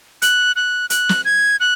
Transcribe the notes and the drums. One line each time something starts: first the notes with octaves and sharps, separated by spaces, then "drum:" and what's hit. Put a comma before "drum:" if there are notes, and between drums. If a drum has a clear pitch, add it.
F#6, drum: hi-hat
F#6
F#6, drum: hi-hat
drum: snare
G#6
F#6